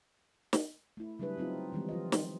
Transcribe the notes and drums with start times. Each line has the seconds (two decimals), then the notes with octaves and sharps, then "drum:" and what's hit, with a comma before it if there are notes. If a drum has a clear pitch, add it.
0.53 drum: snare
0.97 A3 E4
1.19 C#3 F#3 G3 D4 G#4 B4
1.38 F#3 C4 D#4 F4
1.72 D#3 E3 G3 G#3 C4
1.89 F3 F4 D#5
2.12 drum: snare